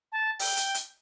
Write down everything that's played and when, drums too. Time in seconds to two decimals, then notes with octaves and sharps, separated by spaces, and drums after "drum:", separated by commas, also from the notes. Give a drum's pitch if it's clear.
0.12 A5
0.39 G5, drum: open hi-hat
0.57 drum: hi-hat
0.74 drum: hi-hat